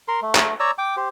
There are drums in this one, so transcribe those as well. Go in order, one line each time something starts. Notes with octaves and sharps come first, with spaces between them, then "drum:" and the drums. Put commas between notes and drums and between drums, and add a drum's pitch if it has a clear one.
A#4 C6
A3
drum: clap
C#5 D5 A#5 E6
G5 D6
G4 C5